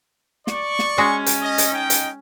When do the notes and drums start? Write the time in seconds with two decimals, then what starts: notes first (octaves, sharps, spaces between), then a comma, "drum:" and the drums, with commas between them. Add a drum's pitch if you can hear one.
0.47 D5 C#6, drum: snare
0.79 drum: snare
0.98 G#3 C#4 F#4 G#4
1.26 drum: hi-hat
1.41 D#5
1.58 drum: hi-hat
1.72 D#4 D#5 G5
1.90 drum: hi-hat